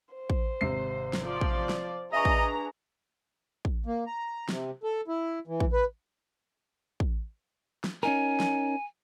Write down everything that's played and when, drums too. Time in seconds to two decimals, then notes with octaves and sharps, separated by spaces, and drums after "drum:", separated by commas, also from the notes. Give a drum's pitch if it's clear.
0.14 C5
0.30 drum: kick
0.61 G#1 C3 C7
1.13 drum: snare
1.24 F3 D5
1.41 drum: kick
1.69 drum: snare
2.13 D4 G#4 B4 D#5 E5 G#5 A#5 C#6
2.25 drum: kick
3.65 drum: kick
3.86 A#3
4.07 A#5
4.49 C3, drum: snare
4.84 A4
5.08 E4
5.47 E3
5.60 drum: kick
5.73 B4
7.00 drum: kick
7.84 drum: snare
8.03 C#4 D#4 A#4 G#5
8.40 drum: snare